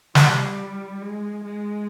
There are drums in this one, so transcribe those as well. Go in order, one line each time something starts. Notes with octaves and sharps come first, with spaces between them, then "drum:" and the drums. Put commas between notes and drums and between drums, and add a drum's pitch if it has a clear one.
G3, drum: snare
G#3
G#3